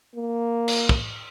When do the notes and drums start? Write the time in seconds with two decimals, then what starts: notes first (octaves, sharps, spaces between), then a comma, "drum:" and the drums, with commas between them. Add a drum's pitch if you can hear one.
0.16 A#3
0.68 drum: cymbal
0.89 drum: kick